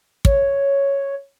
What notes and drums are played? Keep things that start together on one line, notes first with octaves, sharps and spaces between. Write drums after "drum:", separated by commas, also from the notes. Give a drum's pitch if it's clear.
C#5, drum: kick